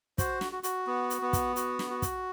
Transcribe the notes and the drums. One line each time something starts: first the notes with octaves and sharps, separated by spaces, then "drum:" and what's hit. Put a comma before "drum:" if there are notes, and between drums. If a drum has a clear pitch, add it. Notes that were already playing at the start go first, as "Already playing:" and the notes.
F#4 C5, drum: kick, hi-hat
drum: snare
F#4
F#4, drum: hi-hat
B3
drum: hi-hat
B3
drum: kick, hi-hat
F#4, drum: hi-hat
drum: snare
F#4
drum: kick, hi-hat